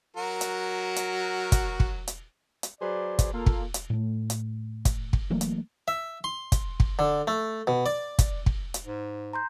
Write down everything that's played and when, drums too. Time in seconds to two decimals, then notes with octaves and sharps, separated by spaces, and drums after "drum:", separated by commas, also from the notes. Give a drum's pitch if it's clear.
0.17 F#3 F#4 A#4
0.41 drum: hi-hat
0.96 drum: hi-hat
1.52 drum: kick, hi-hat
1.80 drum: kick
2.08 drum: hi-hat
2.63 drum: hi-hat
2.81 F#3 G#4 B4 C5 D5
3.19 drum: kick, hi-hat
3.32 A#3 F4 A4
3.46 drum: kick
3.74 drum: hi-hat
3.90 A2 A3
4.30 drum: hi-hat
4.85 drum: kick, hi-hat
5.13 drum: kick
5.30 E3 F#3 A3 A#3
5.41 drum: hi-hat
5.88 E5
6.24 C6
6.52 drum: kick, hi-hat
6.80 drum: kick
6.99 D3
7.27 A3
7.67 B2
7.86 D5
8.19 drum: kick, hi-hat
8.46 drum: kick
8.74 drum: hi-hat
8.85 G#2
9.33 A#5 C6 G6